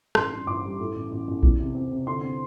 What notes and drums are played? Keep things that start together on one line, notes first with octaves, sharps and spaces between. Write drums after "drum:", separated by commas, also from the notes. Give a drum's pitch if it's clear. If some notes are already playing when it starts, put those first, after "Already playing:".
A1 C6, drum: rim click
G2
A1 D6
G3
A2
A1
A1
A1
E2, drum: kick B1
C3
C4
C3
D3 C6
C4